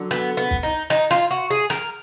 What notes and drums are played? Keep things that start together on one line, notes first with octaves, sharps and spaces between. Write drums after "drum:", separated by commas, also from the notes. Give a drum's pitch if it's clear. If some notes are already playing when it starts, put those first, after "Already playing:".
Already playing: D3 F#3
B3, drum: rim click
B3
drum: kick
D#4
D#4, drum: rim click
F4, drum: rim click
F#4
G#4
A#4, drum: rim click